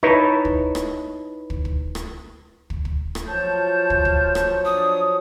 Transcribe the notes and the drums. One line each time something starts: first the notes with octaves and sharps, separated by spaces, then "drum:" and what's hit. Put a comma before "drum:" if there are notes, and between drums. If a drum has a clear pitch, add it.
D#4 E4 B4 C#5 A5
drum: kick
drum: rim click
drum: kick
drum: kick
drum: rim click
drum: kick
drum: kick
drum: rim click
F3 F#3 F4 C#5 A5 G6
drum: kick
drum: kick
drum: rim click
D4 D#6